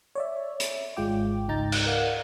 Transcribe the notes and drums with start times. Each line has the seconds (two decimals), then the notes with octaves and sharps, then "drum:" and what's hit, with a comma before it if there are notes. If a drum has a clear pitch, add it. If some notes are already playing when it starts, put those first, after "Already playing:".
0.15 C#5 D5 E5
0.60 drum: hi-hat
0.97 G#1 G#3 F4 G5 D6
1.48 C#2 G#2 D#4 A#5 G6 A6
1.72 drum: cymbal
1.86 A#4 D5 F5 F#5